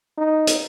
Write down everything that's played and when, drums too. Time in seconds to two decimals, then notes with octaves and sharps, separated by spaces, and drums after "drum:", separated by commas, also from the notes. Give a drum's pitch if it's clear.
0.18 D#4
0.47 drum: hi-hat